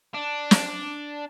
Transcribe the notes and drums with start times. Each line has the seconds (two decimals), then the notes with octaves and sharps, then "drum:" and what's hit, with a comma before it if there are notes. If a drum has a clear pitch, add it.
0.14 D4
0.51 drum: snare